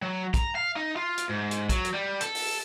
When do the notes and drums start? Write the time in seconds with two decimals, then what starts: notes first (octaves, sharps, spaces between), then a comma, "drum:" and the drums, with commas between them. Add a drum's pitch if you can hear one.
0.02 F#3
0.34 A#5, drum: kick, hi-hat
0.55 F5
0.76 D#4
0.96 F4
1.18 drum: hi-hat
1.29 G#2
1.51 drum: hi-hat
1.69 F#3, drum: kick, hi-hat
1.85 drum: hi-hat
1.94 G3
2.21 A4, drum: hi-hat
2.35 drum: open hi-hat